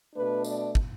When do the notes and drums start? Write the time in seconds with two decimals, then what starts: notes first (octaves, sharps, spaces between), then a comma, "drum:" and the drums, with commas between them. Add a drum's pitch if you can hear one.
0.15 B2 A3 D4 B4
0.44 D5, drum: tambourine
0.75 drum: kick